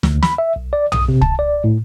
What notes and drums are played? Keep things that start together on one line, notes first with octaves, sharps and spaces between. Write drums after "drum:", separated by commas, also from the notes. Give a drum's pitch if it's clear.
D2, drum: snare
B5, drum: snare
E5
B1
D5
D#6, drum: tom
C3
A5, drum: kick
D5
A2